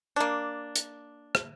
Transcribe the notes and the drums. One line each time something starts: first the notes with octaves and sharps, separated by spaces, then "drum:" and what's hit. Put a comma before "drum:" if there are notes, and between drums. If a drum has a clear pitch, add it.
A#3 D4
drum: hi-hat
drum: rim click